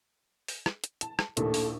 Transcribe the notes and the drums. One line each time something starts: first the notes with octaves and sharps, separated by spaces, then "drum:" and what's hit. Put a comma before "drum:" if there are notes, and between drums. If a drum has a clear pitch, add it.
drum: open hi-hat
drum: rim click
drum: hi-hat
A5, drum: hi-hat
drum: rim click
A#1 D#2 A2 A4, drum: hi-hat
drum: open hi-hat